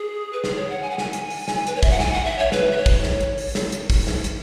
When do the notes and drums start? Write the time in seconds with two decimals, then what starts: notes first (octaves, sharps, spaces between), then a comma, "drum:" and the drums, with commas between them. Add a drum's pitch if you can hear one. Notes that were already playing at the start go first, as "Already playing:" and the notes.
Already playing: G#4
0.33 B4
0.44 G#4, drum: snare
0.56 C#5
0.70 F#5
0.83 G#5
0.90 F#5
0.98 G#5, drum: snare
1.13 drum: hi-hat
1.30 drum: open hi-hat
1.48 drum: snare
1.67 B4, drum: hi-hat
1.76 C#5
1.83 E5, drum: kick, open hi-hat
1.91 F#5
2.00 G#5, drum: snare
2.13 F#5
2.25 E5
2.39 C#5
2.52 B4, drum: snare
2.72 E5
2.77 C#5
2.86 drum: kick, open hi-hat
3.03 drum: snare
3.21 drum: hi-hat
3.38 drum: open hi-hat
3.55 drum: snare
3.72 drum: hi-hat
3.90 drum: kick, open hi-hat
4.07 drum: snare
4.24 drum: hi-hat